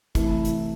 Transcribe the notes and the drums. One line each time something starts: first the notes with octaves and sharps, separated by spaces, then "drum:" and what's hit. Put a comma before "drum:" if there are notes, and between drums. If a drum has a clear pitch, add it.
C3 E3 A3 E4, drum: kick, hi-hat
drum: hi-hat